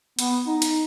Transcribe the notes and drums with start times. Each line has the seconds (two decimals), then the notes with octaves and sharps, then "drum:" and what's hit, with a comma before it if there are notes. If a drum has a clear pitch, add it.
0.19 B3, drum: hi-hat
0.47 D#4
0.62 drum: hi-hat